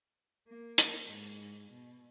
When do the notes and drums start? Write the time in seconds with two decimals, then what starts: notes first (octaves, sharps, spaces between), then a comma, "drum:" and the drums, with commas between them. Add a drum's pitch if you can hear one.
0.49 A#3
0.78 drum: hi-hat
1.07 G#2
1.72 B2